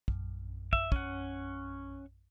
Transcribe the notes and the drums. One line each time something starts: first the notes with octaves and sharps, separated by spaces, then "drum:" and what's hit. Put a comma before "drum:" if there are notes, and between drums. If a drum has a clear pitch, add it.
A#1 F#2, drum: kick
E5, drum: kick
C#4 F#5, drum: kick